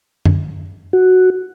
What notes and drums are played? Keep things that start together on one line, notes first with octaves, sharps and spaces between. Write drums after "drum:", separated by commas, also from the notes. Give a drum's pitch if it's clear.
drum: tom F#2
F#4